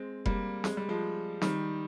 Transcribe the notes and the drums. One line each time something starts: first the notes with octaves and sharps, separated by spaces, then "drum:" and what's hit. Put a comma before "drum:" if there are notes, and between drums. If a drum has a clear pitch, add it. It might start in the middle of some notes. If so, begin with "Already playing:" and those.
Already playing: G#3 C4
G3 A#3, drum: kick F1
G#3, drum: snare
G3
F3 G#3
D#3 G3, drum: snare